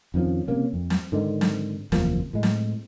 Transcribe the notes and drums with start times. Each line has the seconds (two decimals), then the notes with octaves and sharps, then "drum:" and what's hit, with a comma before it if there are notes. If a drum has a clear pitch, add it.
0.14 F2 D#3 F3 C#4
0.48 C3 A#3 C#4
0.73 F2
0.90 drum: snare
1.12 G#2 D3 D#3
1.41 drum: snare
1.92 F#1 E2 F3 A#3, drum: snare
2.33 A2 G#3
2.43 drum: snare